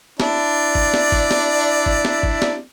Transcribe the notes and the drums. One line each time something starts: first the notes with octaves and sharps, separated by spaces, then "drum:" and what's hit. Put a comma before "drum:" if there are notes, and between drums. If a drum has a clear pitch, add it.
D4 E4 D5, drum: snare
drum: kick G1
drum: snare
drum: kick G1
drum: snare
drum: kick G1
drum: snare
drum: kick G1
drum: snare